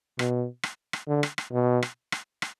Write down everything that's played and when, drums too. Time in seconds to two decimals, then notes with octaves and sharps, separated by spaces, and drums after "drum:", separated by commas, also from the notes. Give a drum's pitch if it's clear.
0.19 B2, drum: rim click
0.63 drum: rim click
0.93 drum: rim click
1.08 D3
1.23 drum: rim click
1.38 drum: rim click
1.53 B2
1.82 drum: rim click
2.12 drum: rim click
2.42 drum: rim click